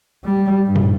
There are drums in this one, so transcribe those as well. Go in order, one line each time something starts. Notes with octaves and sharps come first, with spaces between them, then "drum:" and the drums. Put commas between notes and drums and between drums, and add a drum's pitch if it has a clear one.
G3
G2
drum: tom